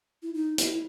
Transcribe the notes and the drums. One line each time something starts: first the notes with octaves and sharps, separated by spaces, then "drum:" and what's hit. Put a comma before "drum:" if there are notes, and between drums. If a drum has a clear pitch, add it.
E4
D#4
E4, drum: hi-hat
E4